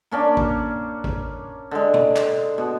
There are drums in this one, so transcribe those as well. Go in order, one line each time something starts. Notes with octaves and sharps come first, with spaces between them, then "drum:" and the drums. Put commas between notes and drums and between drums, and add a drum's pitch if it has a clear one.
A#3 C#4 D4
drum: kick A1
drum: kick A1
D3 G#3
drum: tom B2
drum: clap
B2